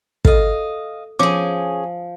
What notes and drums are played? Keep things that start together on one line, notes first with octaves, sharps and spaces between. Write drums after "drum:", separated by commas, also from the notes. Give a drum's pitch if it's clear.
A4 D#5 F5, drum: kick
F3 C#4 G#4 D6